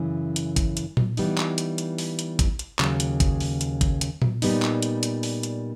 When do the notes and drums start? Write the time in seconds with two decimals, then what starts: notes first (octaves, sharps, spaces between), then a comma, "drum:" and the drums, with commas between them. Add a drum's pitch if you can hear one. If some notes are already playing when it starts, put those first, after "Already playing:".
Already playing: F#2 C#3 E3
0.36 drum: hi-hat
0.56 drum: kick, hi-hat
0.77 drum: hi-hat
0.97 drum: tom A#2
1.17 E3 G3 B3 D#4, drum: open hi-hat
1.38 drum: clap
1.58 drum: hi-hat
1.78 drum: hi-hat
1.98 drum: open hi-hat
2.19 drum: hi-hat
2.39 drum: kick, hi-hat
2.59 drum: hi-hat
2.79 D#2 C#3 F#3, drum: clap
3.00 drum: hi-hat
3.20 drum: kick, hi-hat
3.40 drum: open hi-hat
3.61 drum: hi-hat
3.81 drum: kick, hi-hat
4.01 drum: hi-hat
4.22 drum: tom A#2
4.42 A#2 G3 B3 D#4, drum: open hi-hat
4.62 drum: clap
4.82 drum: hi-hat
5.03 drum: hi-hat
5.23 drum: open hi-hat
5.43 drum: hi-hat